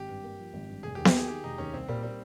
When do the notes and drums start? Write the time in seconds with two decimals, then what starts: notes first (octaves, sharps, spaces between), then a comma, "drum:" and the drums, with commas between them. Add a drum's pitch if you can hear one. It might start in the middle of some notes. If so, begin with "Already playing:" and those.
Already playing: G#1 G4
0.09 G2
0.23 A#3
0.38 F3
0.53 G#1
0.68 G2
0.83 F1 G#4
0.95 G4
0.98 D#2
1.05 G4, drum: snare B3
1.14 A#3 G#4
1.28 D#3 G4
1.43 F1 D#4
1.58 D#2 C#4
1.73 C2 C4
1.88 A#2 G3
2.03 G3 A#3